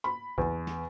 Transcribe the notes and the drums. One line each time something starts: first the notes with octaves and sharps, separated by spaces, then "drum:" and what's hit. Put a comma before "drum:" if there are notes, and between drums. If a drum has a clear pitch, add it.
B5
E2, drum: kick B1
drum: snare